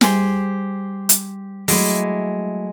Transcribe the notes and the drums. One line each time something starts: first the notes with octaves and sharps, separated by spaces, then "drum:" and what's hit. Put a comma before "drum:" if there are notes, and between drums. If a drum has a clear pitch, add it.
G3 G4 G#4 C5, drum: snare
drum: hi-hat
F#3 G#3 A3 E4 C#5 D6, drum: open hi-hat